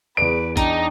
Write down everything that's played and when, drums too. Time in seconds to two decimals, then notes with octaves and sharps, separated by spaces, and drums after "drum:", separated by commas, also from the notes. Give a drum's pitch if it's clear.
0.17 E2 G#4 B4 D5 D7
0.57 D4 D#4 G5, drum: kick, hi-hat